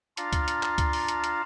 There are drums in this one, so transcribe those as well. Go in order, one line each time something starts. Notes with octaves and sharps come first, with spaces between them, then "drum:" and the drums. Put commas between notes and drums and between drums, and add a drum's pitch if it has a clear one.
D4 F4 F5 A5 A#5, drum: hi-hat
drum: kick C#2, hi-hat
drum: hi-hat
drum: clap
drum: kick C#2, hi-hat
drum: open hi-hat
drum: hi-hat
drum: hi-hat